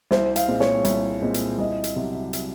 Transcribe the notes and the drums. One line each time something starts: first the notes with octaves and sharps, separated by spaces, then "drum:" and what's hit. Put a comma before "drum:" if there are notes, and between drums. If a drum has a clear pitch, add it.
C2 C5, drum: snare
F5, drum: hi-hat
A#2 G#3 C4
C#5, drum: snare
C2, drum: hi-hat
A#2 G#3 C4
drum: hi-hat
C2 D#5
drum: hi-hat
C3 F#3
drum: hi-hat